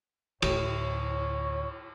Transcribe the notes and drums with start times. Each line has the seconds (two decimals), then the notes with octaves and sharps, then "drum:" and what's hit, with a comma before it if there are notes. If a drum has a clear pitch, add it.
0.42 D2 A2 C#5, drum: cymbal